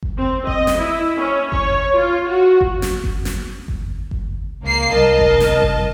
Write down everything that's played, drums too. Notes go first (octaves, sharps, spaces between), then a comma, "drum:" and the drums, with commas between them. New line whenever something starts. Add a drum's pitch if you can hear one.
drum: kick G1
C4
D#5, drum: kick G1
drum: snare
E4
C#4
C#5, drum: kick G1
F4
F#4
drum: kick G1
drum: snare
drum: kick G1
drum: snare
drum: kick G1
drum: kick G1
C#2 A#3 C7
C2 A#4 D#5 A5
drum: kick G1
drum: snare
drum: kick G1